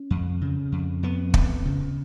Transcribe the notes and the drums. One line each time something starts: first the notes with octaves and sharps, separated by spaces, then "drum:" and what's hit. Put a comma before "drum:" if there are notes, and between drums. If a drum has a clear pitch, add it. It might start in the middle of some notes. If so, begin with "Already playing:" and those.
Already playing: C#4
F2
C#3
F2
F2 B3
F2, drum: kick
C#3